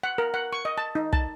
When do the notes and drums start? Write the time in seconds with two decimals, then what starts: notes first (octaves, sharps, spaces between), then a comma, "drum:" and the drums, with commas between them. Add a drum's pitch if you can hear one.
0.03 F#5
0.18 A#4
0.34 F#5
0.53 C#6
0.65 D#5
0.78 A5
0.95 D#4
1.13 A5, drum: kick